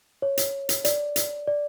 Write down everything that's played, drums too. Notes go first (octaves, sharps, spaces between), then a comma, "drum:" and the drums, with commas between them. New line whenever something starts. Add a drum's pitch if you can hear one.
C#5
drum: hi-hat
drum: hi-hat
D5, drum: hi-hat
drum: hi-hat
D5